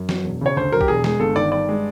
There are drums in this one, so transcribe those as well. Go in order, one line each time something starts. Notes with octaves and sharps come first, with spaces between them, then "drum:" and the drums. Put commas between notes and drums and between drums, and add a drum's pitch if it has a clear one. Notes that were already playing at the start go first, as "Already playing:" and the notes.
Already playing: F#2
F#3, drum: snare
E1
C#3 C#5
D2 C5
F#3 A#4
G4, drum: kick B1
E1 G#4
G#3 G#4, drum: snare
G1 A4
D#3 D5
G2 D5
G#3